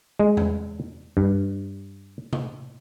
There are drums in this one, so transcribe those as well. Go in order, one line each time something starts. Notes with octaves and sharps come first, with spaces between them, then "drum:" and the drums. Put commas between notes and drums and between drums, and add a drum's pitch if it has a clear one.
G#3
drum: tom E2
G2
drum: tom C3